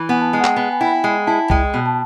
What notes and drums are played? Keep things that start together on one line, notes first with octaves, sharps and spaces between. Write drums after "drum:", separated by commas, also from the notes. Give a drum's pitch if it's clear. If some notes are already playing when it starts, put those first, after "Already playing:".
Already playing: E3
B3 G#5
A5
G#3 G#5
F#5
G5, drum: clap
B3
G#5
E4 G5
G5
G#3 G#5
E4 A5
G#3 G5, drum: kick C2
B2
A5